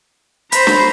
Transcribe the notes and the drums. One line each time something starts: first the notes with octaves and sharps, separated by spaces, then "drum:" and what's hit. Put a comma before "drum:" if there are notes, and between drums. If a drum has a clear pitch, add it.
C5 A#5 B5, drum: hi-hat
drum: snare